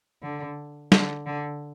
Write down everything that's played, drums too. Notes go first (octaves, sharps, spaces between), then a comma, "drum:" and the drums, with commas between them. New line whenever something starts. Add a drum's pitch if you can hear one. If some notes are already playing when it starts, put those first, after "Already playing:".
D3
D3, drum: snare
D3